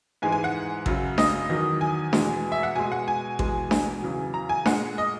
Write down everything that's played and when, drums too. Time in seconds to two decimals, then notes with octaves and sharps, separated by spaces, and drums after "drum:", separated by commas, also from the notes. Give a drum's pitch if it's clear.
0.22 G#2 E3 G#3 G#5
0.32 G#5
0.44 F#5
0.86 F#2 C#3 F#3, drum: kick A1
1.18 D#5, drum: snare D4
1.50 E2 D#3 F#3
1.81 G#5
2.13 E2 B2 G#3, drum: snare D4
2.52 E5
2.63 F#5
2.76 B2 G#3 G#5
2.92 F#5
3.08 G#5
3.39 E2 B2 G#3, drum: kick A1
3.71 drum: snare D4
4.02 E2 C#3 F#3
4.34 A#5
4.49 G#5
4.66 A#2 G#3 F#5, drum: snare D4
4.98 D#5